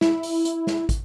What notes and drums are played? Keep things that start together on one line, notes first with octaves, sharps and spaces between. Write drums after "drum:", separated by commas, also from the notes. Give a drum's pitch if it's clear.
E4, drum: snare
drum: open hi-hat
drum: hi-hat
drum: snare
drum: kick, hi-hat